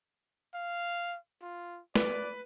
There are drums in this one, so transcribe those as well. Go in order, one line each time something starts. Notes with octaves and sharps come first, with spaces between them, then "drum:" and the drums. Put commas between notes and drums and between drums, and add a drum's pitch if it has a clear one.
F5
F4
B4 D5, drum: snare